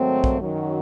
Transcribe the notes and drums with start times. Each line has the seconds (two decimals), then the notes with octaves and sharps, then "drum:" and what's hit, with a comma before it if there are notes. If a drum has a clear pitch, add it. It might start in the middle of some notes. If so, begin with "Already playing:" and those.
Already playing: G#2 D#3 F#3 A3 C4
0.24 drum: kick
0.40 F#2 D#3 F#3